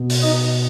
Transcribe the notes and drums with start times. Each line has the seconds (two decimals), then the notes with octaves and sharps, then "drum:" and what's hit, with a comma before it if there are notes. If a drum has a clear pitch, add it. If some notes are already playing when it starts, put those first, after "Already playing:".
Already playing: B2
0.10 drum: open hi-hat
0.22 D#4 D#5